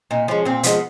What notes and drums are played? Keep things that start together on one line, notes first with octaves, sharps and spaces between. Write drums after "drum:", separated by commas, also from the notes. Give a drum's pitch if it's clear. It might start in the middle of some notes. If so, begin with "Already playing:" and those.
A#2 D#4
F3 G#3 C#4
A#2 C4
F3 G#3 B3, drum: hi-hat